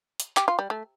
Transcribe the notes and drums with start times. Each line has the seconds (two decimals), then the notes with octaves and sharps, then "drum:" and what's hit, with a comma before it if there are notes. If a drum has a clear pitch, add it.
0.20 drum: hi-hat
0.37 G4, drum: clap
0.48 F4
0.59 G3
0.70 A3